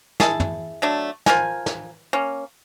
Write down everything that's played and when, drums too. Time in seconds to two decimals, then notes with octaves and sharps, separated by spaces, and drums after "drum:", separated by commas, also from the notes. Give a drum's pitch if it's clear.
0.20 E4 G#4 A5, drum: snare
0.40 drum: tom
0.82 F#3 A3 D4
1.26 F3 A#4 G#5, drum: snare
1.66 drum: snare
2.13 A#3 C#4